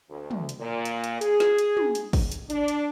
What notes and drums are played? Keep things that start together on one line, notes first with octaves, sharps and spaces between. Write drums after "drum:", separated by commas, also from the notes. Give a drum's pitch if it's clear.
D2
drum: tom
drum: hi-hat
A#2
drum: hi-hat
drum: hi-hat
G#4, drum: hi-hat
drum: snare
drum: hi-hat
drum: tom
drum: hi-hat
drum: kick, open hi-hat
drum: hi-hat
D4, drum: hi-hat
drum: hi-hat